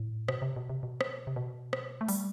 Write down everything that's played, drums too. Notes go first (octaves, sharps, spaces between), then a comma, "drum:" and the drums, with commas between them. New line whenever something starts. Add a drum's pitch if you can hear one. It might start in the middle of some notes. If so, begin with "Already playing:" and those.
Already playing: A2
B2, drum: rim click
C3
B2
C3
B2
drum: rim click
C3
B2
drum: rim click
A3
G3, drum: open hi-hat